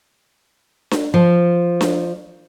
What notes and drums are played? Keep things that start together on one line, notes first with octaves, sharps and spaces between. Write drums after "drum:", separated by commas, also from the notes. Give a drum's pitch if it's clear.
drum: snare D4
F3
drum: snare D4